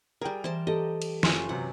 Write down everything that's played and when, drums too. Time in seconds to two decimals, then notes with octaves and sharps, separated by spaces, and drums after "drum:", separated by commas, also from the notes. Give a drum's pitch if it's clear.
0.21 G3 G#4 A#4 G5
0.44 E3 C5 A5
0.67 G4 A4 D#5
1.02 drum: cymbal
1.23 F#1 C#4 F4 C6, drum: snare
1.49 G1 C3 F#3 F#5